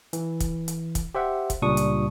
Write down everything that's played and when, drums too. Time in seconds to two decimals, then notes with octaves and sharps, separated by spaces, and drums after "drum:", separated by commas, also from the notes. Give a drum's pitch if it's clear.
0.13 E3, drum: hi-hat
0.40 drum: kick, hi-hat
0.68 drum: hi-hat
0.95 drum: kick, hi-hat
1.15 G4 C5 E5 F#5
1.50 drum: kick, hi-hat
1.62 C#2 A#2 G3 D4 C#6 D#6
1.77 drum: hi-hat